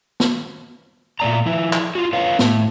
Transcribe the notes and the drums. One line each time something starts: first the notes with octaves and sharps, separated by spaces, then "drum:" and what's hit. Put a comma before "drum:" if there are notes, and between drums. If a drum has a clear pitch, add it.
drum: snare
A#2 A3 D5 A#5
F3 E4
drum: clap
F4 F#4
A4 B4 C#5 F5
A2, drum: snare